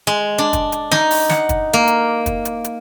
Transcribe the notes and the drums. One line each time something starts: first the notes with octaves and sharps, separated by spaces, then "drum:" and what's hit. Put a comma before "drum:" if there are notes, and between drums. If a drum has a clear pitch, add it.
G#3
D4
drum: kick, hi-hat
drum: hi-hat
D#4, drum: snare
drum: open hi-hat
F#5, drum: snare
drum: kick, hi-hat
A#3
drum: hi-hat
drum: kick, hi-hat
drum: hi-hat
drum: hi-hat